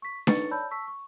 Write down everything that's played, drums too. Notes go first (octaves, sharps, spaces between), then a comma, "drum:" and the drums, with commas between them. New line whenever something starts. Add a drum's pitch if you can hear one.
C#6 B6
D#4 B4 C#6 A6 C#7, drum: snare D4
C#5 D5 A5 B5 E6 G6
A5 C#6 E6 B6
C#6